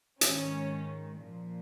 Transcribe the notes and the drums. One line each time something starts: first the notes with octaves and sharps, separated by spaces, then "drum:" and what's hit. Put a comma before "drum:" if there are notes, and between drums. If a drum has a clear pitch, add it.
G#2 D#3 C#4, drum: hi-hat
A#2 F3